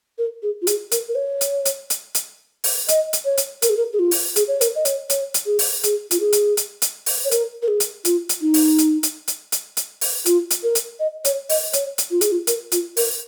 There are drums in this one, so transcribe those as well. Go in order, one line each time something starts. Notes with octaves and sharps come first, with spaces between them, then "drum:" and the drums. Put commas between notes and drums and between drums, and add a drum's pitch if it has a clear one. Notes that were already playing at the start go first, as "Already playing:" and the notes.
A#4
G#4
F4
G#4, drum: hi-hat
A#4, drum: hi-hat
A#4
C#5
drum: hi-hat
drum: hi-hat
drum: hi-hat
drum: hi-hat
drum: open hi-hat
D#5, drum: hi-hat
drum: hi-hat
C#5
drum: hi-hat
A#4, drum: hi-hat
G#4
A#4
G#4
F4
drum: open hi-hat
G#4, drum: hi-hat
C#5
A#4, drum: hi-hat
D#5
C#5, drum: hi-hat
C#5, drum: hi-hat
drum: hi-hat
G#4
drum: open hi-hat
G#4, drum: hi-hat
F4, drum: hi-hat
G#4
drum: hi-hat
drum: hi-hat
drum: hi-hat
drum: open hi-hat
C#5
A#4, drum: hi-hat
A#4
G#4
drum: hi-hat
F4, drum: hi-hat
drum: hi-hat
D#4
drum: open hi-hat
drum: hi-hat
drum: hi-hat
drum: hi-hat
drum: hi-hat
drum: hi-hat
drum: open hi-hat
F4, drum: hi-hat
drum: hi-hat
A#4
drum: hi-hat
D#5
C#5, drum: hi-hat
D#5, drum: open hi-hat
C#5, drum: hi-hat
drum: hi-hat
F4
G#4, drum: hi-hat
F4
A#4, drum: hi-hat
F4, drum: hi-hat
A#4, drum: open hi-hat